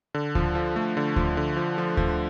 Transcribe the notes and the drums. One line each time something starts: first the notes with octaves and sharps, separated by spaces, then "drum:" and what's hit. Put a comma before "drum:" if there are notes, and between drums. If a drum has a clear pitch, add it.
D3
F3, drum: kick D2
F3
A3
D3
F3, drum: kick D2
D3
F3
F3
F3, drum: kick D2